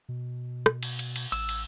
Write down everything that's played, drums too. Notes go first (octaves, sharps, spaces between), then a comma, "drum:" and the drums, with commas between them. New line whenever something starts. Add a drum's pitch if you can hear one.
B2
drum: rim click
drum: cymbal
drum: cymbal
drum: cymbal
A1 E6, drum: cymbal
drum: cymbal